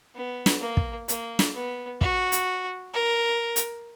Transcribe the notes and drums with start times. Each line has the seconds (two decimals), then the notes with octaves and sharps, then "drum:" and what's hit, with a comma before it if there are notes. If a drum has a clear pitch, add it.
0.15 B3
0.46 drum: snare
0.61 A#3
0.77 drum: kick
1.08 A#3, drum: hi-hat
1.39 drum: snare
1.55 B3
2.01 F#4, drum: kick
2.32 drum: hi-hat
2.94 A#4
3.56 drum: hi-hat